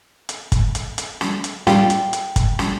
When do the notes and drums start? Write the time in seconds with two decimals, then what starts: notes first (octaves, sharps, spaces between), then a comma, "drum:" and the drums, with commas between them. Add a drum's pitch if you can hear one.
0.29 drum: hi-hat
0.52 drum: kick, hi-hat
0.75 drum: hi-hat
0.98 drum: hi-hat
1.21 drum: snare
1.44 drum: hi-hat
1.67 G3 F4 G5, drum: snare
1.90 drum: hi-hat
2.13 drum: hi-hat
2.36 drum: kick, hi-hat
2.59 drum: snare